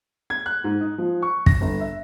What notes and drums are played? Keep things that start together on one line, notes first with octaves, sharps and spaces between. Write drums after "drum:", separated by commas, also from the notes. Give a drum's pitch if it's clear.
G#6
F#6
G#2
D#4
F3
C#6
A#6, drum: kick
G1
E5